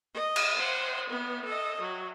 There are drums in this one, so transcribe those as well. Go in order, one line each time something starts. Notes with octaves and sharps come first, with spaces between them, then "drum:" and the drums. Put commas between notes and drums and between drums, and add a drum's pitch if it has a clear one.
D#5
drum: cymbal
C5 F#5
B3
A4 D#5
F#3